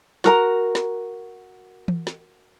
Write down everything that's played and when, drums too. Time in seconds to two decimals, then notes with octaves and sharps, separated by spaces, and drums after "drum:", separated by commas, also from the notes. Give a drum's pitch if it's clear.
0.24 F#4 A#4 A#5, drum: snare
0.75 drum: snare
1.88 drum: tom E3
2.07 drum: snare